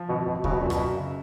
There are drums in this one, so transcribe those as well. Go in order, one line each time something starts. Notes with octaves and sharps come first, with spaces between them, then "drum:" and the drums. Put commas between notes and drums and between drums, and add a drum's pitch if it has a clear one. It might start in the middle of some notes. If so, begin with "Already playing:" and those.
Already playing: F3
G#1 B2
G#1 B2
C#3 F#3, drum: kick D2
B2
F#2 A#2
B2, drum: rim click
F#2
C#3